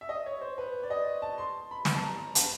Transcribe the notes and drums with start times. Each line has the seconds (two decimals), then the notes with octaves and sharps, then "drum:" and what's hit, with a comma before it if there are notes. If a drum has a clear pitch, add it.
0.01 E5
0.09 D#5
0.26 C#5
0.41 C5
0.58 B4
0.83 D5
0.90 D#5
1.22 A5
1.38 C6
1.71 B5
1.85 drum: snare
1.95 A5
2.03 A#5
2.35 A5, drum: hi-hat